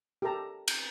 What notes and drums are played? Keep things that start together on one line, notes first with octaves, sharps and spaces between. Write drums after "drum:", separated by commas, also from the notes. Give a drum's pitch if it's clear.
G4 A4 A#4 A5 A#5
drum: cymbal